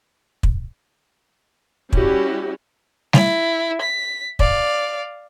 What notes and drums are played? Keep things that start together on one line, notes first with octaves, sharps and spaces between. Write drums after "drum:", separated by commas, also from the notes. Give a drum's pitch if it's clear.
drum: kick
G3 C#4 E4 F#4 G4, drum: kick
E4, drum: snare G3
B6
D5 F5, drum: kick